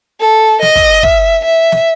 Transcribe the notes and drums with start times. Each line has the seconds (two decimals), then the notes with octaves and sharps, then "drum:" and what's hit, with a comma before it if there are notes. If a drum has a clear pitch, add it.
0.20 A4
0.62 D#5, drum: snare
0.75 drum: kick
1.03 E5, drum: kick
1.45 E5
1.72 drum: snare